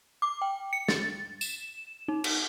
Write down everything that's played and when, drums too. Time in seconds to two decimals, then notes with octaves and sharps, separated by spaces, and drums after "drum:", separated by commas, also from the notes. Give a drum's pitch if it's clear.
0.22 D6
0.42 G5
0.73 C#7
0.88 A6, drum: snare
1.41 E7, drum: tambourine
2.08 D#4
2.24 drum: cymbal